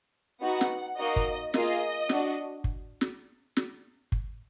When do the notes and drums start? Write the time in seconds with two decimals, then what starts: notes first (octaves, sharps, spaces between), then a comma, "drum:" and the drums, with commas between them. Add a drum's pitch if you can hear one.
0.42 B3 D#4 F#4 F#5
0.61 drum: snare
0.98 A#3 D#4 F#4 D#5
1.16 drum: kick
1.54 A#3 F4 G#4 D#5, drum: snare
2.09 D4 F#4, drum: snare
2.64 drum: kick
3.01 drum: snare
3.57 drum: snare
4.12 drum: kick